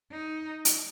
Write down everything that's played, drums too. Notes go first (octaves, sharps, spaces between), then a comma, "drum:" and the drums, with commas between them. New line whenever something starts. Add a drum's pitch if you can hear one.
D#4
drum: hi-hat